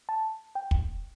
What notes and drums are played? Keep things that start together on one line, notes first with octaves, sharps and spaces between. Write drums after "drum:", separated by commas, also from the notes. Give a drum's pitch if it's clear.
A5
G5
drum: kick